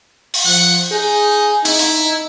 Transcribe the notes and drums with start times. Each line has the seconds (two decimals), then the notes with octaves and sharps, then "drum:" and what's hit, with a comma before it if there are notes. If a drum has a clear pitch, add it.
0.34 drum: open hi-hat
0.46 F3 F#5
0.92 D#4 G#4
1.65 D#4 E4, drum: hi-hat
1.79 drum: hi-hat